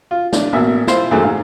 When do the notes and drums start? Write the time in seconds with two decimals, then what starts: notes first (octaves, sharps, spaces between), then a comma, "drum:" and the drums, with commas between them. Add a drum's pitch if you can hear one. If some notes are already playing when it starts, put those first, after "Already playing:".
0.11 F4
0.33 D4, drum: snare
0.53 A1 B2 A#3 E5
0.87 E4 F4 C5, drum: snare
1.11 F#2 E3 G#3 A3
1.23 G#2 F5